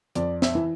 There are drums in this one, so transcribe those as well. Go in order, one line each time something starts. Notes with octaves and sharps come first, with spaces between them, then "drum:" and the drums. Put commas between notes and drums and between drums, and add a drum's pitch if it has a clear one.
F2 D5, drum: hi-hat
E5, drum: snare
E3